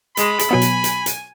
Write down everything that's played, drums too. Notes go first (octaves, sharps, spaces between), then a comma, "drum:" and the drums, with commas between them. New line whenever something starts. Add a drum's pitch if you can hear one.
G#3 B5, drum: hi-hat
drum: hi-hat
B2 F#3 B3 G#5
drum: hi-hat
drum: hi-hat
drum: hi-hat